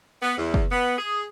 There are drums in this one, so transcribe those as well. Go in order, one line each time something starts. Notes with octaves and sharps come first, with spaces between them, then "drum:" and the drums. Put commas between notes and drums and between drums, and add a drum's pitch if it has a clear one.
B3
E2
drum: kick
B3
G#4